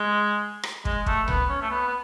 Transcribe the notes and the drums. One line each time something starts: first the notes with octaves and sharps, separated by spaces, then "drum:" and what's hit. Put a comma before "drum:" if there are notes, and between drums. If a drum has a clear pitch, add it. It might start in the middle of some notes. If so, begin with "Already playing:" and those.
Already playing: G#3
drum: rim click
G#3, drum: kick
A3, drum: kick
B3, drum: tom C2
C#4
A3
B3
B3